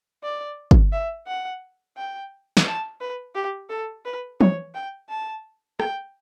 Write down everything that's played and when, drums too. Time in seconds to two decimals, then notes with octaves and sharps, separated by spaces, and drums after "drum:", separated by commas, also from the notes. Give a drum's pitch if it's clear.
0.23 D5
0.71 drum: kick G1
0.93 E5
1.27 F#5
1.97 G5
2.57 drum: snare
2.66 A5
3.01 B4
3.35 G4
3.70 A4
4.05 B4
4.41 C#5, drum: tom
4.74 G5
5.09 A5
5.80 G5, drum: rim click